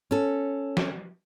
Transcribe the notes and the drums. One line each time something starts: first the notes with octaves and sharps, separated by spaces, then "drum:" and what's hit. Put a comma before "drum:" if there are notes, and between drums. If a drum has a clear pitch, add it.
C#4 A4
drum: snare